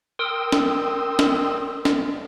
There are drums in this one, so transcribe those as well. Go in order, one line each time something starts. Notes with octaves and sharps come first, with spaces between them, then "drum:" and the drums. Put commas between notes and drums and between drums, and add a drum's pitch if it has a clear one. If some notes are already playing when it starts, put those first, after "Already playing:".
A#4 G5 C6 D#6 E6
drum: snare
drum: snare
drum: snare